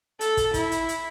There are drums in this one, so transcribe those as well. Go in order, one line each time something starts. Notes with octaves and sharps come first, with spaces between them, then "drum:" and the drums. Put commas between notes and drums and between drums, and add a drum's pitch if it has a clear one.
A4, drum: hi-hat
drum: kick, hi-hat
E4, drum: kick, hi-hat
drum: hi-hat
drum: hi-hat